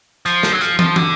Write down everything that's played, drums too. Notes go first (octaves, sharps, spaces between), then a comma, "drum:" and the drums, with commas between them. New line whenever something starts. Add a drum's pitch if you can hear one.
F3, drum: hi-hat
drum: snare
F#3
F3, drum: hi-hat
F3, drum: tom
D3, drum: tom